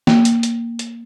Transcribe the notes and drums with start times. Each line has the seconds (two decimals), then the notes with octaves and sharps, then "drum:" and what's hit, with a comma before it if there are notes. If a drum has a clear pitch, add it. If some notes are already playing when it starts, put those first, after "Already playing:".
0.07 A#3, drum: snare
0.25 drum: hi-hat
0.43 drum: hi-hat
0.79 drum: hi-hat